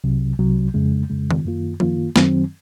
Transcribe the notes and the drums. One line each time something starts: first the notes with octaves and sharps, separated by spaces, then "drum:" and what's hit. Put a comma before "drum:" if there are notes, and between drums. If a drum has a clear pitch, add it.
C2 C3 F#3
C2 C3 F#3
F2 C#3 G#3
F2 C#3 G#3
drum: tom D#3
F#2 D#3 A#3 F4
F#2 D#3 A#3 F4, drum: tom F3
F#2 D#3 F#3 C4, drum: snare